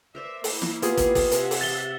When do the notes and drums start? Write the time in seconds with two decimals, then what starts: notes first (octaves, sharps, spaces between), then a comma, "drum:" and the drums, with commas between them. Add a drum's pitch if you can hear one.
0.15 A#4 C5 D5 E5
0.44 A#3 E4, drum: open hi-hat
0.62 drum: snare
0.82 B3 F4 G4 G#4, drum: hi-hat
0.97 drum: kick, hi-hat
1.15 drum: kick, open hi-hat
1.31 C3 G4 E5 F#5 G#5 A#5, drum: hi-hat
1.51 drum: open hi-hat
1.61 A#5 A6 G7